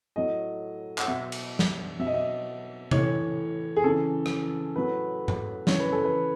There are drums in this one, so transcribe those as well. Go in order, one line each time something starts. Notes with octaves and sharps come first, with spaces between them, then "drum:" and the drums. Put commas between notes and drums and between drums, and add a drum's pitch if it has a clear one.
A2 F#3 D#5
F#5, drum: clap
B2 F#3 E5
drum: cymbal
drum: snare
B2 F#3 E5
D#5
E5
A2 E3 C#5, drum: tom C3
G#4
C#3 E3 A4
drum: rim click
A2 F#3 B4
drum: tom G#2
C#3 E3 C#5, drum: snare
B4
A4
B4